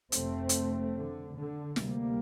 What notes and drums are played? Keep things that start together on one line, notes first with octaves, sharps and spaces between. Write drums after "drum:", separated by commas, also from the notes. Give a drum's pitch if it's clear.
F1 F2 C3 A3 C4, drum: hi-hat
drum: hi-hat
D3
D3
D2 C3 G3 A#3, drum: snare